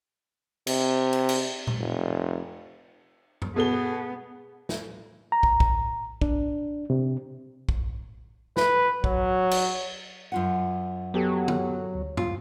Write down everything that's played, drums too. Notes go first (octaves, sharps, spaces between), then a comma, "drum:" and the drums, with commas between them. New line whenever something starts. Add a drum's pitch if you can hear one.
C3, drum: cymbal
drum: cymbal
drum: cymbal
drum: tom A#2
F1
drum: tom G2
B2 B3 G#4 A4 G7
drum: snare
A#5
drum: kick
drum: kick
D4, drum: kick
C3
drum: kick
B4, drum: snare
F#3, drum: kick
drum: cymbal
F#2 F4 F#5
F#3 B3 G4 A4
drum: tom
D2
F4, drum: tom G2